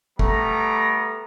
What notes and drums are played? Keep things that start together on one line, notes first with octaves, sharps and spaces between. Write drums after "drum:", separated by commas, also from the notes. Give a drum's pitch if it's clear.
G3 A3 B3 A#5, drum: kick